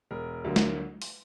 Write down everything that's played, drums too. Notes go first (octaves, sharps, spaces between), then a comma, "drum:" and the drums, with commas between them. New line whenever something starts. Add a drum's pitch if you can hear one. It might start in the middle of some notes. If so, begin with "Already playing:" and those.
E1 A#4
D2 D3 F#3 A#3
drum: snare
drum: open hi-hat